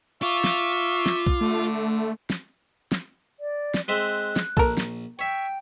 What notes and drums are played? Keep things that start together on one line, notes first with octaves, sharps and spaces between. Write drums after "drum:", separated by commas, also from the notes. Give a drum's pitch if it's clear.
F4 E5 C#6 D6
drum: snare
drum: snare
drum: kick
D3 A3
drum: snare
drum: snare
D5
drum: snare
G#3 C4 E5 F#6
drum: snare
A#1 A4 A#4, drum: kick
drum: snare
C#5 E5 G5